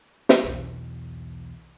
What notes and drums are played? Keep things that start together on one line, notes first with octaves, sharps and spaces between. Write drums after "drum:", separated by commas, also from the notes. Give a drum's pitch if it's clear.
drum: snare
B1 E2